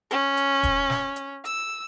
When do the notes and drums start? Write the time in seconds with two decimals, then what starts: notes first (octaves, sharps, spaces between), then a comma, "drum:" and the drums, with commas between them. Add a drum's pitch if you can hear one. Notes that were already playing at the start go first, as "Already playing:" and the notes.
0.11 C#4, drum: hi-hat
0.37 drum: hi-hat
0.63 drum: kick D#1, hi-hat
0.90 drum: snare
1.16 drum: hi-hat
1.45 E6, drum: hi-hat